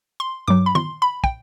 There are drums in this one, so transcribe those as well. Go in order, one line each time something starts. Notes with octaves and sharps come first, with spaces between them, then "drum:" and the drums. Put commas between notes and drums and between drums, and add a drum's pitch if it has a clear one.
C6
G2 F#3 D6
B5
C6, drum: tom
B5
G5, drum: kick